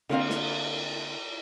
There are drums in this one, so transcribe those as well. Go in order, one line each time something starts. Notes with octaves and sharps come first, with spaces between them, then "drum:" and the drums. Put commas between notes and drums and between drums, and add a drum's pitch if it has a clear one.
D3 A#3 C4 F5, drum: cymbal
drum: snare